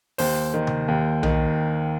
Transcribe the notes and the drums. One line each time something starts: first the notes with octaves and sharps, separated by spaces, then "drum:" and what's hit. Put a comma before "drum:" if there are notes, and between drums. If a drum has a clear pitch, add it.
D#2 C5, drum: open hi-hat
D#3
drum: tom C3
D#2
D#3, drum: tom B1